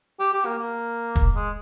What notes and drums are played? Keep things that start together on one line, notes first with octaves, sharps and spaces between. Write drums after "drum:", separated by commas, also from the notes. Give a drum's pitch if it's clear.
G4
G4
A#3
A#3
drum: kick
G#3